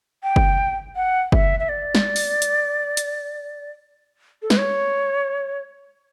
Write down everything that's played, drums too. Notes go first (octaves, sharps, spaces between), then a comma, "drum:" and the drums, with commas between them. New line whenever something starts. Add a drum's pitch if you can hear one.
G5
drum: kick F#1
F#5
E5, drum: kick F#1
E5
D5
drum: snare
drum: open hi-hat
drum: hi-hat
drum: hi-hat
A4
B4, drum: snare
C#5